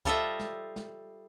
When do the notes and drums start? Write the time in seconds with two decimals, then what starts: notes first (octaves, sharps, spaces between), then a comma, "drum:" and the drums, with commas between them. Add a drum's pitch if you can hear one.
0.05 G3 F4 A4 C5 D#5 E5, drum: kick C#2
0.39 drum: snare
0.76 drum: snare